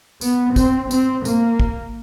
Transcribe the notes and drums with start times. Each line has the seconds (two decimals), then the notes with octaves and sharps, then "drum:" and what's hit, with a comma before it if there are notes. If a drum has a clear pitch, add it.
0.21 B3, drum: tambourine
0.56 C4, drum: kick, tambourine
0.91 C4, drum: tambourine
1.25 A#3, drum: tambourine
1.60 drum: kick